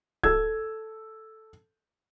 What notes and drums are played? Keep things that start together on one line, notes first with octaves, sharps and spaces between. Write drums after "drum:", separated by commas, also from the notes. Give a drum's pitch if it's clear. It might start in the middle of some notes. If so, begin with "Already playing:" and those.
A4 E6 G#6, drum: kick D1